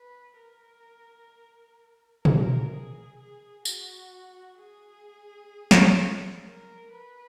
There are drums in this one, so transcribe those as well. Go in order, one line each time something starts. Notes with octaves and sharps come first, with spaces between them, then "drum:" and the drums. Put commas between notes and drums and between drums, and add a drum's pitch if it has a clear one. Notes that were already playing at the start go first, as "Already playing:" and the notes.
Already playing: B4
A#4
A#4, drum: tom
G#4
G#4
F#4, drum: tambourine
G#4
drum: snare
A#4
B4